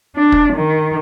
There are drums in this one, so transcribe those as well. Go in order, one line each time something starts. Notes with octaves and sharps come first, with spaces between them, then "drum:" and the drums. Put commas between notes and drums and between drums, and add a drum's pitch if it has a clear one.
D4
drum: kick
D#3